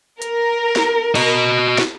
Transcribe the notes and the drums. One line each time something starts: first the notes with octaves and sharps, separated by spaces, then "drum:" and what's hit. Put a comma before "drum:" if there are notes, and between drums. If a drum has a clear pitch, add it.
A#4, drum: hi-hat
drum: snare
F#4 D#5, drum: cymbal
drum: snare